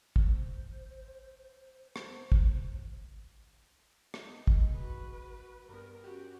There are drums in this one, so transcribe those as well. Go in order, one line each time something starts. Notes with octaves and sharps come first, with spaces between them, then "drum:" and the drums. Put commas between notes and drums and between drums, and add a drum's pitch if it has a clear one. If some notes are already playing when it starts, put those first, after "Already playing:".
C5, drum: kick
C5
drum: rim click
drum: kick
G#3 D#4, drum: rim click
drum: kick
F#4 B4
G2 B3 A#4
C#4 F#4 G4